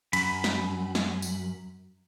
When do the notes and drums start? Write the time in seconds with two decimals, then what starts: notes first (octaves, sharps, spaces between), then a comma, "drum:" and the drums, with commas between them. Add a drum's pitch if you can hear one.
0.13 F#2 B5, drum: cymbal
0.44 drum: snare
0.95 drum: snare
1.22 drum: tambourine